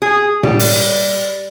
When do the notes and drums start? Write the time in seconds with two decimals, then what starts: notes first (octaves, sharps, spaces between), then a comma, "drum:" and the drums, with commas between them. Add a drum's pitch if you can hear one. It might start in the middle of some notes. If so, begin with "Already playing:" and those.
0.02 G#4
0.43 G3, drum: tom A2
0.59 drum: open hi-hat